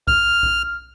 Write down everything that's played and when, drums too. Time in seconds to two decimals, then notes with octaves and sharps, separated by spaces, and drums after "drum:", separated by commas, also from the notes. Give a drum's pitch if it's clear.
0.08 F6, drum: kick B1
0.43 drum: kick B1